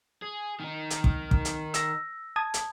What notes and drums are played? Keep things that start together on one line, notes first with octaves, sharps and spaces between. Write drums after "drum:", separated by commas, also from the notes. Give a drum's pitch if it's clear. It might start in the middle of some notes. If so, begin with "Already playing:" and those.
G#4
D#3 D#4
drum: hi-hat
drum: kick
drum: kick
drum: hi-hat
E6 A#6, drum: hi-hat
A5 D#6 G#6
drum: hi-hat